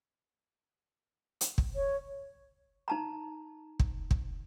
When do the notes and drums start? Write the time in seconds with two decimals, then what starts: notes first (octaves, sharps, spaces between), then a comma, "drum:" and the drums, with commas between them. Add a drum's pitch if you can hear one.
1.41 drum: hi-hat
1.58 drum: kick
1.76 C#5
2.88 D#4 A5 A#5
3.79 drum: kick
4.11 drum: kick